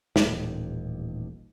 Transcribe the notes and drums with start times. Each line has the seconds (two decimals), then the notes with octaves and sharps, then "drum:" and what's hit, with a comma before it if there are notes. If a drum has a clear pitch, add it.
0.16 D#1 A1 D#2, drum: snare